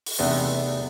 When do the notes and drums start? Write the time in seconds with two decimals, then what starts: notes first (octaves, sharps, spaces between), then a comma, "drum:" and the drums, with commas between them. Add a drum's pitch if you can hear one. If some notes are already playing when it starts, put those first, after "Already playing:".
0.06 drum: open hi-hat
0.19 E2 C3 A3 B3 D4 D#4